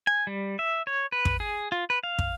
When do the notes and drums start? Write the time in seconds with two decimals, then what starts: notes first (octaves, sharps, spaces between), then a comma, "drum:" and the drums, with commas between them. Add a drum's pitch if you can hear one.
0.07 G#5
0.27 G3
0.59 E5
0.87 C#5
1.12 B4
1.25 drum: kick
1.40 G#4
1.72 F4
1.90 B4
2.03 F5
2.19 drum: kick